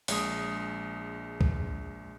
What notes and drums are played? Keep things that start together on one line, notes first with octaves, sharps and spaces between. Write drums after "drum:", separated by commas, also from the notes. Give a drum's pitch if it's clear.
A#1 G#3 D#6, drum: open hi-hat
drum: kick